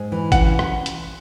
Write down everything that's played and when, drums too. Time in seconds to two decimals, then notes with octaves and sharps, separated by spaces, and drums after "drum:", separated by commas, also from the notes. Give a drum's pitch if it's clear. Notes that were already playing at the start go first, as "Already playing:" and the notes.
Already playing: G#2
0.12 E3
0.32 C#4 F#5, drum: kick G#1, hi-hat
0.59 drum: rim click
0.86 drum: hi-hat